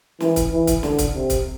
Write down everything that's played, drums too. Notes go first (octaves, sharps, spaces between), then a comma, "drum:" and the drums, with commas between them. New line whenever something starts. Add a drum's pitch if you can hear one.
E3, drum: snare
drum: kick, hi-hat
E3
drum: kick, hi-hat
D3, drum: snare
drum: kick, hi-hat
C3
drum: kick, hi-hat